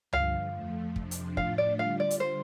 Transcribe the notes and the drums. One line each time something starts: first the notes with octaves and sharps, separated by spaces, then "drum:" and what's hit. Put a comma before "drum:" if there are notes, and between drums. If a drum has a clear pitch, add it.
G2 D3 F3 F5, drum: tom C#2
F2 F3 A3
F2 C3 F3 D4, drum: kick
drum: hi-hat
A2 F3 A3 D4 F4 F5, drum: kick
D5
D3 G3 F4 F5
D5
drum: hi-hat
C5